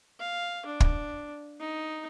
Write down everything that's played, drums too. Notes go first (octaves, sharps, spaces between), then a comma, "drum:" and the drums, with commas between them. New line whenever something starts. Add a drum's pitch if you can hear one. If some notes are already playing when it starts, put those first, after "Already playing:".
F5
D4
drum: kick
D#4